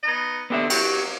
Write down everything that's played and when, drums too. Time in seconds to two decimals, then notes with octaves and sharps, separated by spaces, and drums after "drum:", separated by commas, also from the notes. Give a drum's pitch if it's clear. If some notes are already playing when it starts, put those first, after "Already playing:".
0.04 B3 D#4 D#5
0.50 D3 B3 G4 E5
0.70 F#3 G4, drum: cymbal